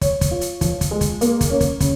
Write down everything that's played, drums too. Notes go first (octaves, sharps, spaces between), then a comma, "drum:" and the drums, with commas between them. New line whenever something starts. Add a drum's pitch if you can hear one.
C#5, drum: kick, hi-hat
drum: kick, hi-hat
F4
drum: hi-hat
F3, drum: kick, hi-hat
drum: kick, hi-hat
G#3
drum: kick, hi-hat
A#3, drum: hi-hat
drum: kick, hi-hat
C#4
drum: kick, hi-hat
C#3, drum: kick, hi-hat